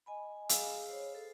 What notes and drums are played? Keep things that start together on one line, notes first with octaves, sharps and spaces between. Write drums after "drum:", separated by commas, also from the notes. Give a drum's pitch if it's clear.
D#5 G#5 B5
G#4 F5 E6, drum: hi-hat
C5 C#5
A4 C5